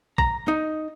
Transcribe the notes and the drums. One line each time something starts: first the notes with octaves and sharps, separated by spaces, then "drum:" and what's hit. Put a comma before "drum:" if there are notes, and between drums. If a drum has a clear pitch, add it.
A#5, drum: kick A#1
D#4